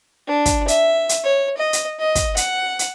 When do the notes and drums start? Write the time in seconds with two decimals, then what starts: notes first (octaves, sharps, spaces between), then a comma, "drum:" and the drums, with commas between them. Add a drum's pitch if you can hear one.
0.27 D4
0.46 drum: kick, hi-hat
0.68 E5, drum: hi-hat
1.09 drum: hi-hat
1.24 C#5
1.57 D#5
1.73 drum: hi-hat
2.00 D#5
2.15 drum: kick, hi-hat
2.37 F#5, drum: hi-hat
2.79 drum: hi-hat